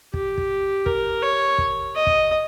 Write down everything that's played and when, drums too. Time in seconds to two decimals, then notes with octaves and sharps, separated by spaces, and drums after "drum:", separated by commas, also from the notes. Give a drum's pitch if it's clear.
0.14 G4, drum: kick
0.38 drum: kick
0.86 A#4, drum: kick
1.22 C#5
1.58 drum: kick
1.95 D#5
2.07 drum: kick